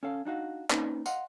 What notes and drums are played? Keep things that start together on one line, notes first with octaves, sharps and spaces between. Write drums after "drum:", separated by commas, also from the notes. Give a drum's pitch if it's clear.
C#4 A4 F5
D4 D#4 F#4 F5
A#3 C4 C#4 D#4 B4, drum: clap
D#5 F5 F#5 C6, drum: tambourine